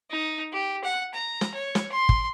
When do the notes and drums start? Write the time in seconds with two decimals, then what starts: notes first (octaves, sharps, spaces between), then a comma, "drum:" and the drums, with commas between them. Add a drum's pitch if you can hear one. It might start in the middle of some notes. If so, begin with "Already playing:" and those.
0.11 D#4
0.53 G4
0.84 F#5
1.14 A#5
1.41 drum: snare
1.54 C#5
1.75 drum: snare
1.92 C6
2.09 drum: kick